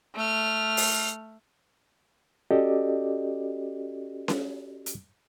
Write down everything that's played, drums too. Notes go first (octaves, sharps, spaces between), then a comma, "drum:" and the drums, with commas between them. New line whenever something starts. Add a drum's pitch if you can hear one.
A3 F6
drum: open hi-hat
C#4 F#4 G4 A4 D5 D#5
drum: snare C#4
drum: hi-hat